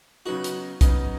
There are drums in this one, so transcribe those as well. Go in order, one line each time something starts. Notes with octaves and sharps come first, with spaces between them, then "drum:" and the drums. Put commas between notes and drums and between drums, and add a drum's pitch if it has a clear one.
C#3 F#3 B3 D#4 F#4
drum: hi-hat
C#3 F#3 B3 D#4, drum: kick, hi-hat